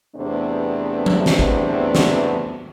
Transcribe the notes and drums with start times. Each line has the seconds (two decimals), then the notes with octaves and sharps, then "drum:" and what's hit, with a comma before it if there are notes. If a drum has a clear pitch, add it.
0.16 E2 C3 A3 B3 C4 D4
1.06 drum: tom F3
1.26 drum: snare
1.39 drum: kick
1.95 drum: snare